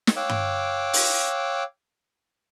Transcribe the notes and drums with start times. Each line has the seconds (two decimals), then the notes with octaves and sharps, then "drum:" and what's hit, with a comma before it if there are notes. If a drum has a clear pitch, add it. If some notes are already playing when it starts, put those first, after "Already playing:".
0.07 drum: snare
0.16 C#5 F5 G5 D6 E6 F#6
0.30 drum: tom G2
0.93 drum: open hi-hat